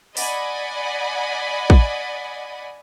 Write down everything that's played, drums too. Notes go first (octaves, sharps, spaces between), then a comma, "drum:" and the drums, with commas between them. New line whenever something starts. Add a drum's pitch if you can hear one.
D5 D#5 F#5 G#5 B5, drum: open hi-hat
drum: kick